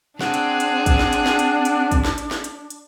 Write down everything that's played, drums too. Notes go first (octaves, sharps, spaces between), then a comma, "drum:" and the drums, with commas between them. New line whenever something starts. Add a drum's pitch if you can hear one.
C4 D4 G#4 F#5, drum: snare
drum: hi-hat
drum: hi-hat
drum: kick, hi-hat
drum: snare
drum: hi-hat
drum: snare
drum: hi-hat
drum: hi-hat
drum: kick, hi-hat
drum: snare
drum: hi-hat
drum: snare
drum: hi-hat
drum: hi-hat